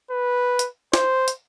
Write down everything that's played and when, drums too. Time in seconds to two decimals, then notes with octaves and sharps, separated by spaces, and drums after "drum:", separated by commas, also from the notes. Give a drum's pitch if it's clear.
0.11 B4
0.59 drum: hi-hat
0.93 C5, drum: snare
1.28 drum: hi-hat